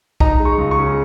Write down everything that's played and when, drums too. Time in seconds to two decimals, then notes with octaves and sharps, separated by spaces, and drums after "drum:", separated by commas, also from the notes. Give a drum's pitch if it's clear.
0.20 D#4 A#5, drum: kick B1
0.40 G#3
0.45 C#6
0.58 C#2
0.71 C#6
0.79 C#3